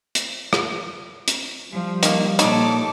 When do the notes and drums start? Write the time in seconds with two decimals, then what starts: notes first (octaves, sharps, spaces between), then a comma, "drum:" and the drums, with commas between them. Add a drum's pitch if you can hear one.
0.15 drum: hi-hat
0.53 drum: rim click
1.28 drum: hi-hat
1.72 F3 G3
2.03 D#3 A#3, drum: hi-hat
2.39 A#2 D#4 A4 C#5 D6, drum: hi-hat